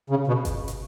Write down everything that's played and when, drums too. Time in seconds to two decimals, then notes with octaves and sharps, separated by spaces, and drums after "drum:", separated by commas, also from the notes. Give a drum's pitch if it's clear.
0.10 C#3
0.27 B2
0.45 drum: kick G1, hi-hat
0.68 drum: hi-hat